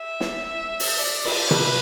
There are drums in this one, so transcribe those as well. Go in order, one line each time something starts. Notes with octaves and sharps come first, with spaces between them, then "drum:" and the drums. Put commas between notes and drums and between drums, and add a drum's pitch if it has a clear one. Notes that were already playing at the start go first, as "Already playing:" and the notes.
Already playing: E5
drum: snare
drum: open hi-hat
D5
drum: cymbal
B4, drum: tom C3